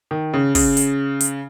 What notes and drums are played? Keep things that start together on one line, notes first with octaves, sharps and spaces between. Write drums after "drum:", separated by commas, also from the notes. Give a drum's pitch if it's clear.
D#3
C#3
C#3, drum: kick, open hi-hat
drum: hi-hat
drum: hi-hat